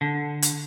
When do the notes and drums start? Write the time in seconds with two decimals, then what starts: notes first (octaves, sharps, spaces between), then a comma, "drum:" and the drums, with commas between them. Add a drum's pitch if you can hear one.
0.01 D3
0.42 drum: hi-hat